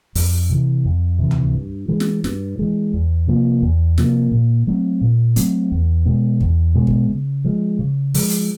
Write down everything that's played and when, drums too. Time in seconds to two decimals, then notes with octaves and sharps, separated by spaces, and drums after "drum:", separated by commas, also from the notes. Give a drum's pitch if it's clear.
0.15 F2, drum: open hi-hat
0.50 C3 E3
0.85 F2
1.19 C3 E3
1.31 drum: tom C#2
1.54 G2
1.88 E3 G#3
2.00 drum: snare
2.24 G2, drum: snare
2.59 E3 G#3
2.93 E2
3.27 C3 F3 A#3
3.62 E2
3.98 C3 F3 A#3, drum: snare
4.32 A#2
4.67 F#3 A3 C4
5.01 A#2
5.36 F#3 A3 C4, drum: hi-hat
5.72 E2
6.05 B2 G#3 B3
6.40 E2, drum: kick
6.75 B2 G#3 B3
6.87 drum: kick
7.10 C#3
7.45 F3 G#3
7.79 C#3
8.14 F3 G#3, drum: open hi-hat
8.30 drum: hi-hat